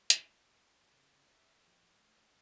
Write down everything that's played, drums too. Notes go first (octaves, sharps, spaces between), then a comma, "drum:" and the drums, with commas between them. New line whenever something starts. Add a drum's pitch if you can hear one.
drum: hi-hat
C#3
E5
F3
A3